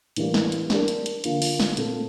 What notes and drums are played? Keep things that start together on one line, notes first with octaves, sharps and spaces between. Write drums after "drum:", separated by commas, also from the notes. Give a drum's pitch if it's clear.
A2 E3 G3 A#3, drum: hi-hat
drum: snare
drum: hi-hat
G3 D4 G4 A#4, drum: snare
drum: hi-hat
drum: hi-hat
D3 F3 A#3, drum: hi-hat
drum: open hi-hat
drum: snare
A#2 A3 C4, drum: hi-hat